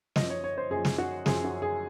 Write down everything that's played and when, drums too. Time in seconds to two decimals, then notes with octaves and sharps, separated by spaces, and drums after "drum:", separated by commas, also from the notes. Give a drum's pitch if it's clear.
0.16 F#2 F3 D#5, drum: snare
0.30 C#5
0.44 C#5
0.58 C5
0.70 F#2 F3 G#4
0.85 drum: snare
0.98 F#4
1.26 F#2 F3 G#4, drum: snare
1.44 F#4
1.62 G#4